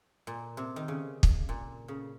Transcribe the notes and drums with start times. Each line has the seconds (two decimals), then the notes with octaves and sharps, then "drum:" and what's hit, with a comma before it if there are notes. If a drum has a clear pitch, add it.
0.27 A#2
0.57 C3
0.76 D#3
0.88 C#3
1.23 drum: kick
1.49 A#2
1.88 C#3